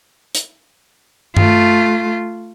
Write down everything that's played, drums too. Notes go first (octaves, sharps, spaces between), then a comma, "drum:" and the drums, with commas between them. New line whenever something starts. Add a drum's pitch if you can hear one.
drum: hi-hat
A3 F4, drum: tom G2